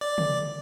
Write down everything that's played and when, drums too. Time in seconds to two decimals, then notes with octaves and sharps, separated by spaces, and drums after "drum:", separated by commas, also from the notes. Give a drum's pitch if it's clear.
0.01 D5
0.18 drum: tom